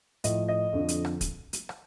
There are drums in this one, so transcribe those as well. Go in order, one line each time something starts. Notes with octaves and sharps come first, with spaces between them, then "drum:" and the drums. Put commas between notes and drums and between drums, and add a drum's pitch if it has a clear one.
A2 F3 D#5, drum: hi-hat
D#5
F2 D3 F3
drum: hi-hat
drum: rim click
drum: kick, hi-hat
drum: hi-hat
drum: rim click